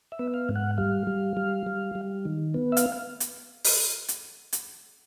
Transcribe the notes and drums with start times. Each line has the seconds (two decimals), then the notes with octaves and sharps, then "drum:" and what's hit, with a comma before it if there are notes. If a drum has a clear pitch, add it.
0.12 E5
0.19 B3
0.34 F5
0.49 G#2
0.56 F#5
0.78 G3 F5
1.07 G3
1.37 G3
1.67 G3
1.95 G3
2.25 D#3
2.54 B3
2.72 E5
2.77 F5, drum: hi-hat
3.20 drum: hi-hat
3.64 drum: open hi-hat
4.08 drum: hi-hat
4.53 drum: hi-hat